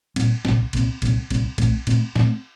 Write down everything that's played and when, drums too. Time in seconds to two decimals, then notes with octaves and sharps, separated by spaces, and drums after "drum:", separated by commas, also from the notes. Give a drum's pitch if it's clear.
0.16 A#2 G3 C4, drum: cymbal
0.45 C2 A#2 G3 C4, drum: snare
0.73 C2 A#2 G3 C4, drum: cymbal
1.02 C2 A#2 G3 C4, drum: cymbal
1.30 C2 A#2 G3 C4, drum: cymbal
1.58 A#2 A3 C4, drum: kick B1, cymbal
1.87 A#2 A3 C4, drum: cymbal
2.15 A#2 A3 C4, drum: snare